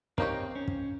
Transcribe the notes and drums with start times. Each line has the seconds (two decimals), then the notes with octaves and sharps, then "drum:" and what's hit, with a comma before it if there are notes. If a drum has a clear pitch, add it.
0.18 A#3 C4 D#4 G4 C#5, drum: kick
0.55 C#4
0.68 drum: kick